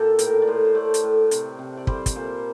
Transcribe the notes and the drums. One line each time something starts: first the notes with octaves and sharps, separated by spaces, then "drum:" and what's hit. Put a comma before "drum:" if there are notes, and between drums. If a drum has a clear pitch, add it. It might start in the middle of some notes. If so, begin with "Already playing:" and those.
Already playing: A#2 G4 A4
A2 A#4, drum: hi-hat
D5
A2 C5
C5
A3 D5
drum: hi-hat
A2
C3, drum: hi-hat
C3
D5
G3 C5, drum: kick
drum: kick, hi-hat
A#2 C5